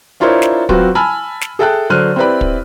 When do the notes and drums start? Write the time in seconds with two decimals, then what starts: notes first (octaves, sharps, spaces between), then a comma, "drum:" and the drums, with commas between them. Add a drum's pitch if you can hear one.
0.20 D4 E4 F4 A#4 C5 C#5
0.42 drum: snare
0.69 F#3 C4 F4 F#4 B4, drum: kick
0.95 G#5 A5 B5 E6 F6
1.41 drum: snare
1.59 G#4 A4 E5 G5 A5 F#6
1.90 D3 F#3 C5 F6 F#6 D#7
2.16 C4 E4 G4 B4 D5 B5
2.41 drum: kick